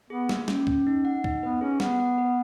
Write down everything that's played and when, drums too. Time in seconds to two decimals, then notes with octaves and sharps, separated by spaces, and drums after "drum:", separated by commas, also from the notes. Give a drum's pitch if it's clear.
0.10 B3 G#4
0.29 A#3, drum: snare
0.48 C#4, drum: snare
0.67 C#4, drum: kick
0.87 D#4
1.05 F#5
1.24 D#4, drum: kick
1.42 B3 B4
1.61 C#4 G#4
1.80 B3 F#5, drum: snare
2.00 F#5
2.18 B4